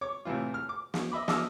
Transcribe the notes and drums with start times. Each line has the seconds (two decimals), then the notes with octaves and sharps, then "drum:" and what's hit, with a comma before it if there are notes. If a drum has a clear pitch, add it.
0.01 C#5 D6
0.25 A2 C3 E3 F4
0.54 F6
0.69 D6
0.94 drum: snare
1.11 D#5 E5 B5 D6
1.28 D#5 E5 A5 D6 E6 F6, drum: snare